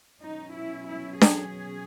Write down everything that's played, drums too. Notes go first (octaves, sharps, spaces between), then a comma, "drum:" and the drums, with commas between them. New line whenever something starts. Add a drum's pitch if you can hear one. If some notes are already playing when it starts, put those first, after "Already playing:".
B2 F#3 C#4 D#4
E4
E4
G#4, drum: snare D4